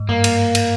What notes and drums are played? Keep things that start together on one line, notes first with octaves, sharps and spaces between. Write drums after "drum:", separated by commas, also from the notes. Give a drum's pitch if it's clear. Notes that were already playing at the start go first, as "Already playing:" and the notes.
Already playing: G#2
G2 A#3
drum: cymbal
drum: cymbal